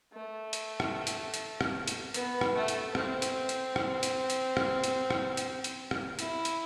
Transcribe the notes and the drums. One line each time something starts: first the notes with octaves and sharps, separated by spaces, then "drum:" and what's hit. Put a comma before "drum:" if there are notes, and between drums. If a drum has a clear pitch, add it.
A3
drum: hi-hat
drum: rim click
drum: hi-hat
drum: hi-hat
drum: rim click
drum: hi-hat
B3, drum: hi-hat
drum: rim click
A3
drum: hi-hat
C4, drum: rim click
drum: hi-hat
drum: hi-hat
drum: rim click
drum: hi-hat
drum: hi-hat
drum: rim click
drum: hi-hat
drum: rim click
drum: hi-hat
drum: hi-hat
drum: rim click
E4, drum: hi-hat
drum: hi-hat